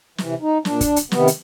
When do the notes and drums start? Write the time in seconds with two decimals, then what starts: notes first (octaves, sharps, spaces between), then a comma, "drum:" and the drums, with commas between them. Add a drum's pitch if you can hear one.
0.18 C3 E3, drum: snare
0.42 D#4
0.65 A#2 D4, drum: snare
0.81 drum: kick, hi-hat
0.96 drum: hi-hat
1.11 C3 D#3 B3, drum: snare
1.28 drum: hi-hat